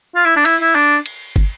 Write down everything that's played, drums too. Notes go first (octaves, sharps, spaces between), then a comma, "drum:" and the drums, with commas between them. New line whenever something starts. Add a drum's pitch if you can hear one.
F4
E4
D4
E4, drum: cymbal
E4
D4
drum: cymbal
drum: kick